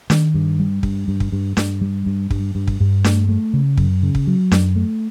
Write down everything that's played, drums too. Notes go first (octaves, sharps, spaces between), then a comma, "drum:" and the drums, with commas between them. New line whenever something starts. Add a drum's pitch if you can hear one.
D#3, drum: snare D4
G2
G3
G2, drum: kick
G2
drum: kick
G2
G2, drum: snare D4
G3
G2
G2, drum: kick
G2
drum: kick
G2
A3, drum: snare D4
A3
C#3
F#2, drum: kick
C#3
drum: kick
F#3
F#2, drum: snare D4
A3